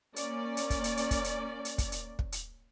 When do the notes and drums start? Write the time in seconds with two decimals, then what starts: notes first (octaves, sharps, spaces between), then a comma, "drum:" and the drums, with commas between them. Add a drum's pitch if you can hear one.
0.16 A#3 C#4 D5, drum: hi-hat
0.57 drum: hi-hat
0.70 drum: kick, hi-hat
0.84 drum: hi-hat
0.97 drum: hi-hat
1.11 drum: kick, hi-hat
1.24 drum: hi-hat
1.65 drum: hi-hat
1.78 drum: kick, hi-hat
1.92 drum: hi-hat
2.19 drum: kick
2.32 drum: hi-hat